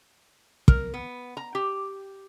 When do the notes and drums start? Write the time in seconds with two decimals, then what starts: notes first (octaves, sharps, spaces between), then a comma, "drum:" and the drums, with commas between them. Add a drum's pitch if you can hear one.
0.68 A#4, drum: kick
0.94 B3
1.37 A#5
1.55 G4